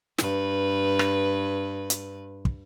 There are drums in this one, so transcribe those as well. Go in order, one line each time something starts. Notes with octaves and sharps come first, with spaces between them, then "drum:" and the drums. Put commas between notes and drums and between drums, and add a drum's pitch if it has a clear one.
G2 B4, drum: snare
drum: rim click
drum: hi-hat
drum: kick